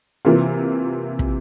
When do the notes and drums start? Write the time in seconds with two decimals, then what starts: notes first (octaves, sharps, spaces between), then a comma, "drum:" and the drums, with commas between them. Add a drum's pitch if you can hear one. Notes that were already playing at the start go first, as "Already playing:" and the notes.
0.25 C3 E3 A#3 F4
1.19 drum: kick